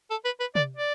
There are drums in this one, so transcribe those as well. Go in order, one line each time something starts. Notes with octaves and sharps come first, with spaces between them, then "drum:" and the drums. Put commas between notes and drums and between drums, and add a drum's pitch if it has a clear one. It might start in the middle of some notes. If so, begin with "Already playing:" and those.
A4
B4
B4
D5, drum: tom C3
D5